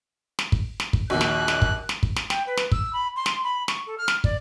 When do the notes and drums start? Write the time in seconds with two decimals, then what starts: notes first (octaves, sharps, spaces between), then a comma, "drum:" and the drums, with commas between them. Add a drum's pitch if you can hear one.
0.39 drum: snare
0.52 drum: kick
0.80 drum: snare
0.93 drum: kick
1.10 A#1 D#2 F#4 F#6
1.21 drum: snare
1.48 drum: snare
1.62 drum: kick
1.89 drum: snare
2.03 drum: kick
2.16 drum: snare
2.30 G5, drum: snare
2.47 B4
2.57 drum: snare
2.72 E6, drum: kick
2.93 B5
3.16 C6
3.26 drum: snare
3.44 B5
3.68 C#6, drum: snare
3.87 A4
3.98 F6
4.08 drum: snare
4.24 D5, drum: kick